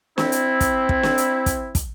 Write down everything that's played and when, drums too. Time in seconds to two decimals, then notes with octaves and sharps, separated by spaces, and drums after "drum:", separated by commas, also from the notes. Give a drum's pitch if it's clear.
0.18 C4 E4, drum: snare
0.32 drum: hi-hat
0.60 drum: kick, hi-hat
0.89 drum: kick
1.03 drum: snare
1.18 drum: hi-hat
1.46 drum: kick, hi-hat
1.75 drum: kick, hi-hat